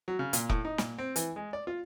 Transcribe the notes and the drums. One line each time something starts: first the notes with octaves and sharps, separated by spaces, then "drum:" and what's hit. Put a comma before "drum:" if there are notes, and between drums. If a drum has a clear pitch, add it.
F#3
C#3
A#2, drum: hi-hat
A2, drum: kick
D#4
A#2, drum: snare
C4
E3, drum: hi-hat
G#3
D5
F4